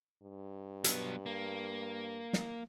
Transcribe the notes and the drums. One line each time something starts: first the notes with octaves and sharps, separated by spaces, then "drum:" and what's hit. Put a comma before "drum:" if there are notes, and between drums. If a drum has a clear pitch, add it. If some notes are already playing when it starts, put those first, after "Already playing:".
G2
F#3 B3, drum: hi-hat
A#3
drum: snare